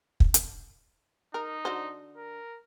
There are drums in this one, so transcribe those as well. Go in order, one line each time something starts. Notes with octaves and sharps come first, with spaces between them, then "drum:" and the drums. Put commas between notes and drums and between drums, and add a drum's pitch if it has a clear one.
drum: kick
drum: hi-hat
D#4 A#4
D3 F#4 C5
A#4